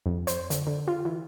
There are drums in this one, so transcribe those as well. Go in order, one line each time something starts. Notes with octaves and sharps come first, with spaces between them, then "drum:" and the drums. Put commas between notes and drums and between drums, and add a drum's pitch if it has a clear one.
F2
C5, drum: hi-hat
D3, drum: hi-hat
D3
F4
E3